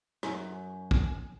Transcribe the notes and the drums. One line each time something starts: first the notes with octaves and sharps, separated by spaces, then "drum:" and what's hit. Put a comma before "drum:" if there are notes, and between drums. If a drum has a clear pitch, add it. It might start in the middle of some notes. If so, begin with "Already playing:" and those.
F#2, drum: rim click
drum: kick